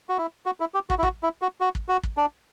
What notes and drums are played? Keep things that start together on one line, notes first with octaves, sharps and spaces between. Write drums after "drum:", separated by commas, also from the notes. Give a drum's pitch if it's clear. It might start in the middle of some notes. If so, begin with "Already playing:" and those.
F#4
E4
F#4
E4
G4
F#4, drum: kick
E4
F#4, drum: kick
E4
F#4
F#4
drum: kick
F#4
drum: kick
D4